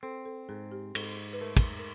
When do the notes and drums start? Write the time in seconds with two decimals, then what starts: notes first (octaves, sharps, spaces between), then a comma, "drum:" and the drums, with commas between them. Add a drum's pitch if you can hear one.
0.03 C4 A4
0.26 A4
0.49 G#2 G#4
0.72 G4
0.95 G#2 A4, drum: cymbal
1.33 B4
1.41 A3 A#4
1.57 drum: kick, cymbal
1.79 A#4